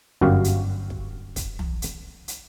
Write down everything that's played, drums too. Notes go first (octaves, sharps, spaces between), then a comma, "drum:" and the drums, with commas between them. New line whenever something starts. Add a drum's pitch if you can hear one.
G1 F#2 F#4 G4 F5
drum: hi-hat
drum: kick
drum: kick, hi-hat
drum: tom
drum: hi-hat
drum: hi-hat